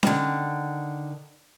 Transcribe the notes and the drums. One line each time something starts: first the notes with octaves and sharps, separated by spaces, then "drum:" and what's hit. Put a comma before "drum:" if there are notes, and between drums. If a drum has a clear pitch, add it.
D3 D#3, drum: snare C#4